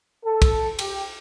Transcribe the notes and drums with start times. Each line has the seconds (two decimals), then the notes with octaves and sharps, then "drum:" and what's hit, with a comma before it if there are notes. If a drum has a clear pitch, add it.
0.25 A4
0.42 drum: kick, cymbal
0.79 G4, drum: cymbal